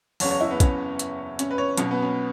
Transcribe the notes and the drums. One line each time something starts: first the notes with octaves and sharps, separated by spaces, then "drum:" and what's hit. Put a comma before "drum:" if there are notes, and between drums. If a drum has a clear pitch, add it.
F#1 E2 C#3 C#5, drum: open hi-hat
C#5
E4
B3
C#4, drum: kick, hi-hat
drum: hi-hat
C#4, drum: hi-hat
B4
C#5
B1 B2 C#4, drum: hi-hat
B3
C#4